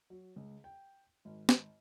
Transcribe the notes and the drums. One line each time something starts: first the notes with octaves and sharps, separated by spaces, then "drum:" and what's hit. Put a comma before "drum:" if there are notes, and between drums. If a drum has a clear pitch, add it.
F#3
C#2
G5
G#1
drum: snare